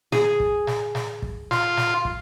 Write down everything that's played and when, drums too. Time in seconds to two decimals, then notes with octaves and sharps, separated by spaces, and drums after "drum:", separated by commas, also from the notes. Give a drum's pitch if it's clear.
0.12 G#4, drum: snare
0.40 drum: kick
0.67 drum: snare
0.95 drum: snare
1.22 drum: kick
1.51 F4, drum: snare
1.77 drum: snare
2.05 drum: kick